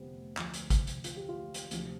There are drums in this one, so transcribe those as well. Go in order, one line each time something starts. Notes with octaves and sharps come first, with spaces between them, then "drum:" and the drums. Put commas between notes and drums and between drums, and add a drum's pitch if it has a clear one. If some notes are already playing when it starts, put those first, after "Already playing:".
Already playing: F1 F2 D3 A3 B3 C4 G4
D2 D3 F3, drum: clap
drum: hi-hat
drum: kick G#1, hi-hat
drum: hi-hat
F4, drum: hi-hat
G4
F4
drum: hi-hat
D2 C3 F3, drum: hi-hat